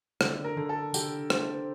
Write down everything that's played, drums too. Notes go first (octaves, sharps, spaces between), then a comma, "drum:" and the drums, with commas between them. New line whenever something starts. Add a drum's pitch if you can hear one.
D3, drum: rim click
A#4
D3
A4
D3 G4, drum: tambourine
C4, drum: rim click